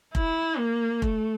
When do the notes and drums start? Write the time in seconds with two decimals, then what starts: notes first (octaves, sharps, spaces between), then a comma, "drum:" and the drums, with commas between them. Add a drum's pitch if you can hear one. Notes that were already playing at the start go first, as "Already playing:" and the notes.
0.15 E4, drum: kick F1
0.58 A#3
1.02 A3, drum: kick F1